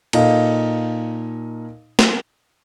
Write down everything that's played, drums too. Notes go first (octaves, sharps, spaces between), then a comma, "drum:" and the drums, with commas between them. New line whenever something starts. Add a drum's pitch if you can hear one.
A#2 D#4 A4 D#5 F5, drum: cymbal
drum: snare